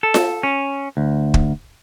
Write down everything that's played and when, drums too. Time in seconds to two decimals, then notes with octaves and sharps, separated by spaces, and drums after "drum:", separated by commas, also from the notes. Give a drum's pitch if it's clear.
0.03 A4
0.14 drum: snare F4
0.43 C#4
0.97 D2
1.34 drum: kick